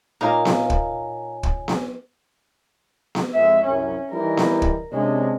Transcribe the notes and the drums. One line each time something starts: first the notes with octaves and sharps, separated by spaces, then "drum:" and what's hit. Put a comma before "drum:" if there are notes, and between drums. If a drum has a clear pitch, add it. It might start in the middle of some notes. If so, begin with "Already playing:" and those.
A#2 A#3 D#4 A#4 C#5 F5 G#5
drum: snare B3
drum: kick
drum: kick
drum: snare B3
drum: snare B3
F2 G#3 E5
C2 F#2 C#4
E3 G3 D#4 A#4
drum: snare B3
drum: kick
C3 G#3 C#4 D4